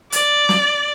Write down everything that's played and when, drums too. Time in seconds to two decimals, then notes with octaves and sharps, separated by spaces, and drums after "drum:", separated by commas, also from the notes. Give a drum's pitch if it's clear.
0.12 D5, drum: hi-hat
0.49 drum: snare